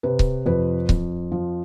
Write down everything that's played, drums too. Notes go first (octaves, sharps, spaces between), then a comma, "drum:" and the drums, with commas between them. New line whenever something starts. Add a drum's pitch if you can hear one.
C3 B4
drum: kick C#1
F2 B4
F2, drum: kick C#1
F3